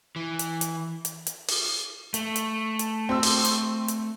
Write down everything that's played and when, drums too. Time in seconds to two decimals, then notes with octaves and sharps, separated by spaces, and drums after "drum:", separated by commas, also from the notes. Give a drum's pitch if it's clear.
0.16 E3
0.39 drum: hi-hat
0.61 drum: hi-hat
1.05 drum: hi-hat
1.27 drum: hi-hat
1.48 drum: open hi-hat
2.14 A3, drum: hi-hat
2.36 drum: hi-hat
2.79 drum: hi-hat
3.09 C4 E6
3.23 drum: open hi-hat
3.45 drum: hi-hat
3.88 drum: hi-hat